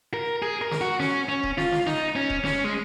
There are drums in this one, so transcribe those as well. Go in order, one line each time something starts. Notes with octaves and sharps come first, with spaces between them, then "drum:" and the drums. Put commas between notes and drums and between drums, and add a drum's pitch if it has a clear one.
A#4
G#4
A#4
drum: snare
F#4
C#4, drum: snare
C#4
drum: kick D#1
F4, drum: snare
drum: snare
D#4, drum: snare
C#4
drum: kick D#1
C#4, drum: snare
G#3